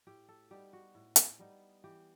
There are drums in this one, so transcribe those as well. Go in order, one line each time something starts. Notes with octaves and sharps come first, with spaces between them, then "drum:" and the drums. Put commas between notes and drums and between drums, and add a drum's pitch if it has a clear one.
A2 G4
A4
G3 B3 D#4 G4
F#4
A2
drum: hi-hat
G3 B3 D#4
E3 G4